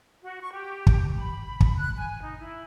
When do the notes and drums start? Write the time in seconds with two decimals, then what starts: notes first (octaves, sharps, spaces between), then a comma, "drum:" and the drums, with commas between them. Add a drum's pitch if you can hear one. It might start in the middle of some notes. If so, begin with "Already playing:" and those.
0.23 F#4
0.41 C#6
0.54 G4
0.87 drum: kick
1.17 B5
1.60 drum: kick
1.77 F#6
1.97 G#5
2.22 D#4
2.40 E4